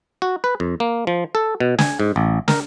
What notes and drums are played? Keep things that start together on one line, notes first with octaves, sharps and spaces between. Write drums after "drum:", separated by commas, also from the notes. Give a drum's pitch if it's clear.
F#4
B4
F2
A#3
F3
A4
B2
G#5, drum: snare
G#2
A1
A#4, drum: snare